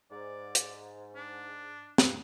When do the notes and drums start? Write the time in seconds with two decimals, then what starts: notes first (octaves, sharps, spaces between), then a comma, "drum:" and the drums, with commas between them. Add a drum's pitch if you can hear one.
0.11 G#2 D5
0.55 drum: hi-hat
1.15 D4
1.98 drum: snare